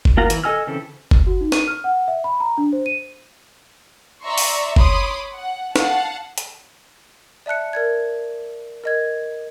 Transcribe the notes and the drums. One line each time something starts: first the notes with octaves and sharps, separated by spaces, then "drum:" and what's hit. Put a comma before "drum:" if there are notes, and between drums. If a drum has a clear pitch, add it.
drum: kick G1
A#3 F4 F#4 F5 A#5
E3, drum: hi-hat
A4 D#5 G#5 E6 F6
C#3 E3 C4 A4
drum: kick G1
F#4
D#4
D#7, drum: snare
F6
F#5
E5
B5
A#5
D4
C5
D#7
D5 E5 A#5 C6 C#6
drum: open hi-hat
C#5 B5 C6 D6 D#6, drum: kick G1
F#5
F5 F#5 A5, drum: snare
drum: hi-hat
D5 E5 A5 F#6 C#7
A#4 D5 G#6
A#4 D#5 G#6